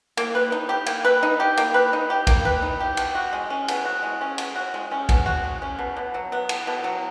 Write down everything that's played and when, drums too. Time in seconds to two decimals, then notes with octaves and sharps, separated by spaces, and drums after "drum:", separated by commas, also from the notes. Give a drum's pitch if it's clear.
0.17 A#3, drum: cymbal
0.35 B4
0.52 D#4
0.69 G4
0.86 A#3, drum: cymbal
1.05 B4
1.23 D#4
1.40 G4
1.57 A#3, drum: cymbal
1.74 B4
1.93 D#4
2.10 G4
2.27 A#3, drum: kick A#1, cymbal
2.45 B4
2.62 D#4
2.80 G4
2.97 B2, drum: cymbal
3.15 F#4
3.33 G#3
3.50 C#4
3.68 B2, drum: cymbal
3.85 F#4
4.03 G#3
4.21 C#4
4.38 B2, drum: cymbal
4.56 F#4
4.74 G#3
4.92 C#4
5.09 B2, drum: kick A#1, cymbal
5.26 F#4
5.44 G#3
5.62 C#4
5.79 B2
5.96 B2
6.14 F#3
6.32 B3
6.49 B2, drum: cymbal
6.67 B2
6.84 F#3